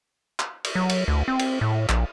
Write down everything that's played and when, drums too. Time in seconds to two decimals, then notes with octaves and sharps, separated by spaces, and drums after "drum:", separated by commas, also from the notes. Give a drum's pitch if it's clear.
0.40 drum: clap
0.64 drum: cymbal
0.75 F#3
0.89 drum: cymbal
1.08 D2
1.28 C4
1.39 drum: cymbal
1.61 A2
1.89 A#1, drum: clap